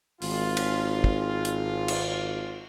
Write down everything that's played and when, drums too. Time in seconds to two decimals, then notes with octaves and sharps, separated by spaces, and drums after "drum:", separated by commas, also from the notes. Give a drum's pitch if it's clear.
0.22 G#1 F4, drum: open hi-hat
0.57 drum: cymbal
1.04 drum: kick
1.45 drum: hi-hat
1.88 drum: cymbal